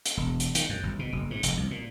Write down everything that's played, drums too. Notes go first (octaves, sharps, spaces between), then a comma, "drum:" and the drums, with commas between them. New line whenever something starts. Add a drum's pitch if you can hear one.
drum: hi-hat
E1
drum: hi-hat
D#3, drum: hi-hat
F#2
G1
B2
F#1
G#2
F1, drum: hi-hat
C2
A#2